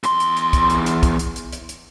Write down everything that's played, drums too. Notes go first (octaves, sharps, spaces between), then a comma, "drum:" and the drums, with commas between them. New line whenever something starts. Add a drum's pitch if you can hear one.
E2 C6, drum: hi-hat
drum: hi-hat
drum: hi-hat
drum: kick, hi-hat
drum: hi-hat
drum: hi-hat
drum: kick, hi-hat
drum: hi-hat
drum: hi-hat
drum: hi-hat
drum: hi-hat